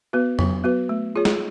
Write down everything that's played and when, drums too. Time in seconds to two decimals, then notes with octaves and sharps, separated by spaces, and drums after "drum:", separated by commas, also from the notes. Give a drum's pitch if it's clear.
0.13 B3 F#4 B4
0.39 F#3, drum: tom F2
0.64 B3 F#4 B4
0.89 A3
1.16 F4 G#4 C#5
1.25 drum: snare G#3